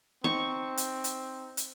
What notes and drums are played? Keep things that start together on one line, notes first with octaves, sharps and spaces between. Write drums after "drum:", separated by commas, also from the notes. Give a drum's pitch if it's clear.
C4 D#4 C#6
drum: hi-hat
drum: hi-hat
drum: hi-hat